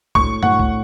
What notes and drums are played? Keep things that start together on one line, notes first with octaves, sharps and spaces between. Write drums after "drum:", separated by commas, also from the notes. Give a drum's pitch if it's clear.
A2 C#6, drum: kick C2
A2 F#5, drum: tom F#2
drum: kick C2